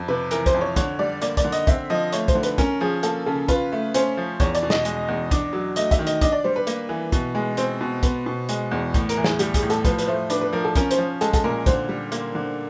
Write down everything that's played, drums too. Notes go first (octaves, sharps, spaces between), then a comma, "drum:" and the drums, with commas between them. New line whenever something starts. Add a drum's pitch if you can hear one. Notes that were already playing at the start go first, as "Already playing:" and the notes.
Already playing: F2
C3 B4
E3 A#4, drum: hi-hat
C5, drum: kick, hi-hat
F2
C#5
D3 C#5, drum: kick, hi-hat
G3 D5
A#3 D5, drum: hi-hat
D5, drum: kick, hi-hat
D3
D#5, drum: hi-hat
C4 E5, drum: kick, hi-hat
F3 D#5
A3 C#5, drum: hi-hat
C5, drum: kick, hi-hat
D3
B4, drum: hi-hat
C#4 A#4, drum: kick, hi-hat
F3 G#4
A#3 A4, drum: hi-hat
C#3 A4
F4 B4, drum: kick, hi-hat
A3
C#4 C5, drum: hi-hat
F3
E2 C#5, drum: kick, hi-hat
D5, drum: hi-hat
B2
D#5, drum: snare
G#3, drum: hi-hat
E2
D4, drum: kick, hi-hat
F#3
A3 D#5, drum: hi-hat
E5, drum: kick, hi-hat
D#3
D#5, drum: hi-hat
D4 D#5, drum: kick, hi-hat
D5
G3 C5
B4
A#3, drum: hi-hat
E3
B2, drum: kick, hi-hat
G#3
C4 C5, drum: hi-hat
B2
B3, drum: kick, hi-hat
B2
G#3, drum: hi-hat
E2
A2, drum: kick, hi-hat
A#4, drum: hi-hat
E3
G#4, drum: snare
G3 G4, drum: hi-hat
G#4, drum: kick, hi-hat
A2
A4, drum: hi-hat
F3 B4, drum: kick, hi-hat
B4, drum: hi-hat
A3 C5
D4 B4, drum: hi-hat
B4
F3 A#4
A4
C#4 A#4, drum: kick, hi-hat
C5, drum: hi-hat
F3
G#3 A4, drum: hi-hat
A4, drum: kick, hi-hat
A#2 A#4
D3 C5, drum: kick, hi-hat
G3
A#3, drum: hi-hat
D3